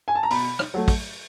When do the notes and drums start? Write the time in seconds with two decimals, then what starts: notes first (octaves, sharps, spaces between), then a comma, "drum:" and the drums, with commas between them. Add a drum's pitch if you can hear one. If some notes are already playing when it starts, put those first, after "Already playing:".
0.08 G#5
0.15 A5
0.23 A#5
0.30 B2 B5, drum: open hi-hat
0.59 drum: rim click
0.74 F#3 A3
0.88 drum: kick, open hi-hat